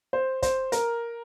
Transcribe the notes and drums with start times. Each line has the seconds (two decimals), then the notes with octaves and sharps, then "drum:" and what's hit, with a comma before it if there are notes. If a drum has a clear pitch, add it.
0.13 C5
0.42 C5, drum: kick, hi-hat
0.72 A#4, drum: hi-hat